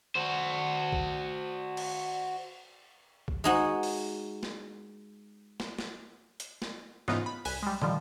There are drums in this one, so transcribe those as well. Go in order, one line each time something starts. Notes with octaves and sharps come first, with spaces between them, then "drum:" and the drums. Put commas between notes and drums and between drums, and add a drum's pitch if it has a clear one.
F#4 C5
drum: kick A#1
drum: cymbal
drum: kick A#1
G#3 D#4 F#4
drum: open hi-hat
drum: snare
drum: snare
drum: snare
drum: hi-hat
drum: snare
G#2 C#3 E3 B3 D#4 F4, drum: snare
B5
C2 G#5 F#6 B6, drum: open hi-hat
G3 G#3
D3 D#3 F3 G3, drum: tom